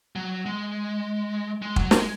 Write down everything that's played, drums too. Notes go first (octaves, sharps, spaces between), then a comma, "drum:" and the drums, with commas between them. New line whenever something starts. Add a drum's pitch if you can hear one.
F#3
G#3
G#3
F#3, drum: kick
G#3, drum: snare